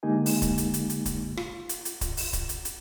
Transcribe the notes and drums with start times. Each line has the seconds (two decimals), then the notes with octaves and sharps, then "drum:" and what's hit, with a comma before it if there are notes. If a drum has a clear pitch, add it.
0.03 D3 G#3 A#3 D#4 G4 G#5
0.26 drum: open hi-hat
0.42 drum: kick D1, hi-hat
0.58 drum: hi-hat
0.74 drum: hi-hat
0.90 drum: hi-hat
1.06 drum: kick D1, hi-hat
1.37 F4, drum: rim click
1.69 drum: hi-hat
1.85 drum: hi-hat
2.01 drum: kick D1, hi-hat
2.17 drum: open hi-hat
2.33 drum: kick D1, hi-hat
2.49 drum: hi-hat
2.65 drum: hi-hat